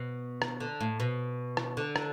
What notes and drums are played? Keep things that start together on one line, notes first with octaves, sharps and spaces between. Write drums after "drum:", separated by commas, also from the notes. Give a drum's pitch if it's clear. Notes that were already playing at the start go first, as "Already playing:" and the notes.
Already playing: B2
drum: rim click
D3
A2
B2
drum: rim click
D3
drum: rim click